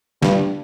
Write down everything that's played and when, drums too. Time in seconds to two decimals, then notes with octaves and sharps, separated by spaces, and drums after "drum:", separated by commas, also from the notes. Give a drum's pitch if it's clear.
0.22 G2, drum: snare